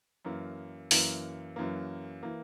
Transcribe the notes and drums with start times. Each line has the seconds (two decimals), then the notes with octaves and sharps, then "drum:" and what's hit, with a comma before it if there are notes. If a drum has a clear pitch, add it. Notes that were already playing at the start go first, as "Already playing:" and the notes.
0.25 F#2 E3 A#3
0.91 F#2 E3 A#3, drum: open hi-hat
1.56 F#2 E3 A#3
2.23 E3 A#3